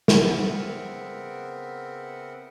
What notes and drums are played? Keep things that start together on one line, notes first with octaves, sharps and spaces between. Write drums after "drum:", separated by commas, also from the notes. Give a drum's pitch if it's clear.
drum: snare
C#3 B3 C4 A#4 E5 F#5